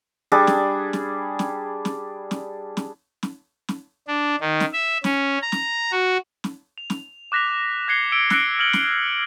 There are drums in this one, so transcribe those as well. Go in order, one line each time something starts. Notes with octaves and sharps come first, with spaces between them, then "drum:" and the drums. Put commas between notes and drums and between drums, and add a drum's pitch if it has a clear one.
G3 D4 G#4 D5
drum: snare
drum: snare
drum: snare
drum: snare
drum: snare
drum: snare
drum: snare
drum: snare
D4
D#3
drum: snare
E5
C#4, drum: snare
A#5
drum: snare
F#4
drum: snare
F7
drum: snare
D6 F#6 A#6 B6 F7
F#6 G#6 C7 C#7 G7
E6 D7 G7
E6 F#6 A#6 C#7 D7 G7, drum: snare
F6 G#6 F#7 G7
drum: snare